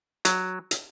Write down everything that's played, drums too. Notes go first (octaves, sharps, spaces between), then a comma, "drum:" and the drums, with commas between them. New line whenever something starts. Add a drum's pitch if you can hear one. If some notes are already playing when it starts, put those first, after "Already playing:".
F#3, drum: hi-hat
drum: hi-hat